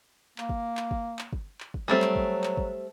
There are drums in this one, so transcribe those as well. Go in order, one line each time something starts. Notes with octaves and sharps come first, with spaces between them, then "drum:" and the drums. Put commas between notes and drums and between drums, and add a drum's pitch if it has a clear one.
A#3, drum: clap
drum: kick
drum: clap
drum: kick
drum: clap
drum: kick
drum: clap
drum: kick
F#3 G3 A3 C4
drum: clap
drum: kick
drum: clap
drum: kick